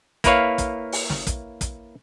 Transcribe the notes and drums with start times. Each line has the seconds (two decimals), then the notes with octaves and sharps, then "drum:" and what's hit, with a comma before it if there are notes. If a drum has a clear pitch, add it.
0.24 A#3 E4 B4 C#5 F5, drum: kick, hi-hat
0.58 drum: kick, hi-hat
0.92 drum: open hi-hat
1.10 drum: snare
1.27 drum: kick, hi-hat
1.61 drum: kick, hi-hat